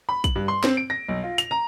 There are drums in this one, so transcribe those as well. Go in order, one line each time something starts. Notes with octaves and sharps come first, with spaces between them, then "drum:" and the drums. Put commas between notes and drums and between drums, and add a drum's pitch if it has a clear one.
B5
F#7, drum: kick, hi-hat
G2
C6
C4, drum: snare
D7
A#6
B1
F4
F7, drum: hi-hat
A#5